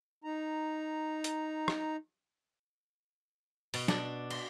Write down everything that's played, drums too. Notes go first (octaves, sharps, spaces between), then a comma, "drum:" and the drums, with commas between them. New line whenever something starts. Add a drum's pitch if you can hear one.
D#4 A#5
drum: hi-hat
drum: rim click
B2, drum: open hi-hat
D4, drum: snare
C6, drum: cymbal